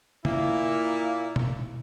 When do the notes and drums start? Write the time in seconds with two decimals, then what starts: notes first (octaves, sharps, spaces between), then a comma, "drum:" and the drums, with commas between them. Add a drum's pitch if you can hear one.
0.25 A#2 A#3 E4, drum: tom
1.36 drum: tom B2